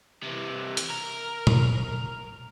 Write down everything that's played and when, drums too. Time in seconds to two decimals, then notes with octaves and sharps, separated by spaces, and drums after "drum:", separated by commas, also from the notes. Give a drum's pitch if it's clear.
0.23 C3 E3
0.77 drum: hi-hat
0.90 A#4
1.47 drum: tom